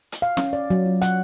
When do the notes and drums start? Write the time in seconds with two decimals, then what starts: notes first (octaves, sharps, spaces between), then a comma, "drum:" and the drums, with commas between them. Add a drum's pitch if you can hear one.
0.12 drum: hi-hat
0.22 F5
0.37 C#4, drum: snare
0.53 D5
0.70 F#3
0.86 F4
1.02 F#5, drum: hi-hat